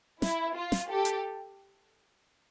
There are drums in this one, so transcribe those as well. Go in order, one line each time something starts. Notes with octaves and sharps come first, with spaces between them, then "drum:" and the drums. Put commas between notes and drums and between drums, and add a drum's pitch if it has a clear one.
E4, drum: snare
F4
drum: snare
G4 A4
drum: hi-hat